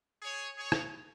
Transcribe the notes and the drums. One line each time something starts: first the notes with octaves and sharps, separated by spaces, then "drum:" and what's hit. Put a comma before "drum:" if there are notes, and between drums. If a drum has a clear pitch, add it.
G#4 C#5
G#4 C#5
drum: rim click